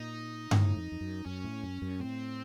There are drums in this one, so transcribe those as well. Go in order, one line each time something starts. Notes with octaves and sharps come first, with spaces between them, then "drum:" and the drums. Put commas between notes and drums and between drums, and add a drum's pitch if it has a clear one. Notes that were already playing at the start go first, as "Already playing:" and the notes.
Already playing: A#2 D#4
A2, drum: tom G2
F2
F2
F#2
F#2 C#4
A2
F#2
F#2
A2 C4